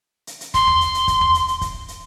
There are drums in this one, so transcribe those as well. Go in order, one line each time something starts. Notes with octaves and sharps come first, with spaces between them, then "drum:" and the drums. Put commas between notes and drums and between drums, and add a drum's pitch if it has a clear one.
drum: hi-hat
drum: hi-hat
C6, drum: kick, hi-hat
drum: tom E2
drum: hi-hat
drum: hi-hat
drum: kick, hi-hat
drum: tom E2
drum: hi-hat
drum: hi-hat
drum: kick, hi-hat
drum: hi-hat